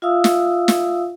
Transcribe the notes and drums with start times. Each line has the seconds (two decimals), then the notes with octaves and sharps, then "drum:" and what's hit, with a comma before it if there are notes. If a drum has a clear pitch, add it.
0.02 F4 E5 F5 D#6 E6
0.24 drum: snare
0.68 drum: snare